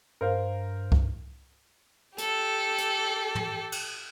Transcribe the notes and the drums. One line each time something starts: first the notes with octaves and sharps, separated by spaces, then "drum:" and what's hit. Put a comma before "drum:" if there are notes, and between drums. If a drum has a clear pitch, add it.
G2 A#4 C5 F5
drum: kick C2
G4 A4, drum: hi-hat
drum: hi-hat
drum: tom
drum: cymbal